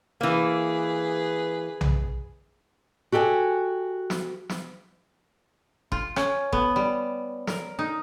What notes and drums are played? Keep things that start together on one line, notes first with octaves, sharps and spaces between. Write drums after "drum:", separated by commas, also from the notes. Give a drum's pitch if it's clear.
E3 A#3 G#4 B4
drum: tom B1
F#4 G4 A4 F#5 G#5
drum: snare
drum: snare
F4, drum: kick F1
C#4, drum: rim click
B3, drum: kick F1
G3
A#4, drum: snare
D#4